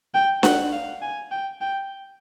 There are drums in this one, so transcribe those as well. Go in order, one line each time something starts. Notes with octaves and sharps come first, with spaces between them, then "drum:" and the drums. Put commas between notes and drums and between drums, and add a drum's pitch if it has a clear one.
G5
F#5, drum: snare D4
F5
G#5
G5
G5